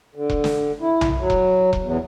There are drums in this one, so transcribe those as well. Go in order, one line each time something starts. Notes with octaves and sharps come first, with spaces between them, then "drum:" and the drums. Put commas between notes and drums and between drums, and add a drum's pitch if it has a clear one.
D3
drum: kick E1
drum: snare
E4
drum: tom B1
F#3
drum: kick E1
drum: kick E1
E2